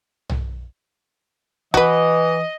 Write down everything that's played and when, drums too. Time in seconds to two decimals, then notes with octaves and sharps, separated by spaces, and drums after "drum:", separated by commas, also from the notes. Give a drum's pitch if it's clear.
0.29 drum: tom B1
1.74 E3 F#4 B4 D#5, drum: kick